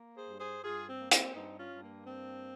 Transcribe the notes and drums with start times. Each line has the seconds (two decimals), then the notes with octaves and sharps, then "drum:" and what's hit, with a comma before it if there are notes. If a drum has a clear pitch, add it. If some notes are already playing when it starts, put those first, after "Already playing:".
Already playing: A#3
0.16 G#4 C5
0.28 G2
0.40 G#4 C5
0.63 G2 F4 G#4
0.88 C4
1.00 A#3
1.11 C4, drum: hi-hat
1.35 G2 C4 D#4
1.59 C#4 F4
1.71 G2
1.83 A#3
2.07 A#3 C4